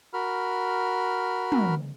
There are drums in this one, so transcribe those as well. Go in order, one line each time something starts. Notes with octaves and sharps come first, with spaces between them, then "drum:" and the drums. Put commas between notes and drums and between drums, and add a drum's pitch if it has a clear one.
F#4 A#4 B5 F6
drum: tom